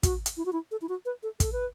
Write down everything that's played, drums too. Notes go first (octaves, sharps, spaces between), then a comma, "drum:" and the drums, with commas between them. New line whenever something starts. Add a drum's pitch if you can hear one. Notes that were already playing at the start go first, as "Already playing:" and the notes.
F#4, drum: kick, hi-hat
drum: hi-hat
E4
F#4
E4
A4
E4
F#4
B4
A4
A4, drum: kick, hi-hat
B4